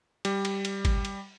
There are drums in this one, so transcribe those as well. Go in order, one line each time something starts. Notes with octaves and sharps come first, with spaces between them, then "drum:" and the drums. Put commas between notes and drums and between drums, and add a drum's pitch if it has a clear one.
G3, drum: cymbal
drum: cymbal
drum: cymbal
drum: kick G#1, cymbal
drum: cymbal